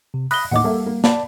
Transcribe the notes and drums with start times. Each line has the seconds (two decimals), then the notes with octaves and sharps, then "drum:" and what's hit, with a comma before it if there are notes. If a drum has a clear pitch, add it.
0.14 C3
0.31 B5 D#6 F#6 A#6 G7, drum: open hi-hat
0.51 D#2 A2 D#4 F#5 D6
0.64 G3 A#3 A4 E5
0.86 A#3
1.04 D5 A5 B5, drum: snare